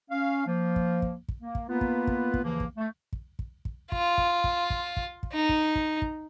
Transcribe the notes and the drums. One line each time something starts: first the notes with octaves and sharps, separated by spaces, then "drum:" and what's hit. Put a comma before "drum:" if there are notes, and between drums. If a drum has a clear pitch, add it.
C#4 F5
F3 A#3
drum: kick
drum: kick
drum: kick
A#3
drum: kick
A#3 B3 F4 B4
drum: kick
drum: kick
drum: kick
D#2 C#3 E3 F3 A#3
drum: kick
A3
drum: kick
drum: kick
drum: kick
F4, drum: kick
drum: kick
drum: kick
drum: kick
drum: kick
drum: kick
D#4
drum: kick
drum: kick
drum: kick